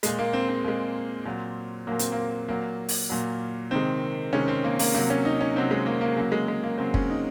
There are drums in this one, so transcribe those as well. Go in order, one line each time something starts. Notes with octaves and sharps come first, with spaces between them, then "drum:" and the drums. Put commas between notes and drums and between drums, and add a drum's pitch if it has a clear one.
A#2 G#3, drum: hi-hat
A#3
C4
C4
A#2 G#3
A#2 F#3
A#2 F#3 A#3
C4, drum: hi-hat
A#3
A#2 F#3 A#3
drum: open hi-hat
A#2 F#3
C3 D#3 G#3 C4
C3 D#3 G#3 C#4
C4
A#3
A#3, drum: open hi-hat
C3 F#3 A#3
C#4
D#4
C#4
C3 F#3 C4
G#3
A#3
A#3
C#3 F#3 A#3
G#3
G#3
A#3
C#3 F#3 C4
C#4, drum: kick
D#4